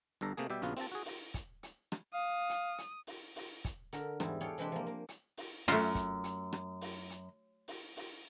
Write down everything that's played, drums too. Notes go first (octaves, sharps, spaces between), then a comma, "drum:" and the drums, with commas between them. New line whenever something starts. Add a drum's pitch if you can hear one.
G1 G2 A4 A#5
C3 A3 A#3 G#4
B2 G3 G4 E5
A#1 C#3 B3 F4 F#4
C4 A5, drum: open hi-hat
F#4 G#4
drum: open hi-hat
drum: kick, hi-hat
drum: hi-hat
drum: rim click
F5 D#6
drum: hi-hat
drum: hi-hat
drum: open hi-hat
drum: open hi-hat
drum: kick, hi-hat
D3 A#4, drum: hi-hat
E2 G#2 G3 E4, drum: rim click
G#4 A4 C#5 D5 F5 G5
C3 E3 G#3 D4 G5 B5
F3 A#3
A#3
drum: hi-hat
drum: open hi-hat
F#2 A3 F4, drum: open hi-hat
drum: kick, hi-hat
drum: hi-hat
drum: rim click
drum: open hi-hat
drum: hi-hat
drum: open hi-hat
drum: open hi-hat